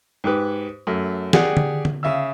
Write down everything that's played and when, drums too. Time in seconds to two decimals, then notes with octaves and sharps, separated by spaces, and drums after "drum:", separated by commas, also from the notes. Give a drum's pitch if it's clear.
0.24 G#2 G4 B4
0.87 F#2 A3
1.33 G4 G#4 D5 F#5 G5, drum: snare
1.57 drum: tom D3
1.85 drum: tom D3
2.03 C#3 E5 F5 E6